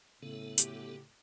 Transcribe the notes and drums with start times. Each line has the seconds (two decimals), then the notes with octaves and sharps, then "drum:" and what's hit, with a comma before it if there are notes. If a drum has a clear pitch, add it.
0.23 A2 C#3 B3 A4
0.58 D3 F#3 G4, drum: hi-hat